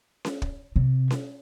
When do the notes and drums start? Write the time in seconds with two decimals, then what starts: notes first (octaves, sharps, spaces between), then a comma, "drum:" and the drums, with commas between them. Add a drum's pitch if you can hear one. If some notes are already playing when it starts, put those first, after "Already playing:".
0.25 drum: snare C#4
0.42 drum: kick
0.76 C3
1.10 drum: snare C#4